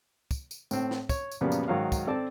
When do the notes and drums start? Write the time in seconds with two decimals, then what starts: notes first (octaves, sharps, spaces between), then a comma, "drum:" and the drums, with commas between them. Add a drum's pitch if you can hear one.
0.31 drum: kick, tambourine
0.51 drum: tambourine
0.71 A2 C4, drum: tambourine
0.91 drum: snare
1.09 C#5, drum: kick, tambourine
1.31 drum: tambourine
1.41 F#2 A#2 C#3 F3 G3 B3
1.52 drum: tambourine
1.68 G#2 D#3 F#3 F#4 F5
1.92 drum: kick, tambourine
2.07 C4 A4 D5 A5